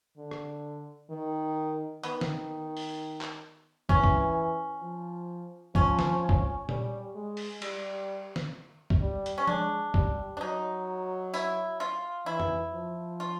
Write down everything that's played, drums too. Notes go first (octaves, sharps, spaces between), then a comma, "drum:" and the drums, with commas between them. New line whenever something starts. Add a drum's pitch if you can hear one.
D3
drum: rim click
D#3
D#3 B3, drum: hi-hat
drum: snare
drum: open hi-hat
drum: clap
E3 C#4, drum: kick
drum: kick
F3
F3 C#4, drum: kick
drum: snare
drum: kick
G3, drum: tom A#2
G#3
drum: open hi-hat
G3, drum: cymbal
drum: snare
drum: kick
G3
drum: hi-hat
C#4
G#3 D4, drum: tom F3
G3, drum: kick
D4
F#3 D#4
E4, drum: tambourine
F4
E3 E4
drum: tom F2
F3
F4